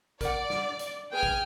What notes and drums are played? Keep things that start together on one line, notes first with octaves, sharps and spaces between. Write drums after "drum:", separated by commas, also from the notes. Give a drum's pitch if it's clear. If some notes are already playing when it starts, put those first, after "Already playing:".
A#4 D5 F#5, drum: kick, hi-hat
drum: snare
drum: hi-hat
G#4 B4 C5 G5 G#5 F6
drum: kick